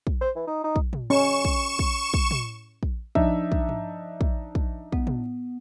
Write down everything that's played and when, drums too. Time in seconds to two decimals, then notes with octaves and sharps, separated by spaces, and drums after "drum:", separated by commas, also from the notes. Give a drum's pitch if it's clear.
0.07 drum: kick
0.21 C5
0.36 E3
0.47 D#4
0.64 D#4
0.76 drum: kick
0.93 drum: tom
1.10 C#4 C#6 E7
1.45 drum: kick
1.79 drum: kick
2.14 drum: kick
2.31 drum: tom
2.83 drum: kick
3.15 F3 D4 D#4 E5, drum: kick
3.52 drum: kick
3.69 drum: tom
4.21 drum: kick
4.55 drum: kick
4.92 B3, drum: kick
5.07 drum: tom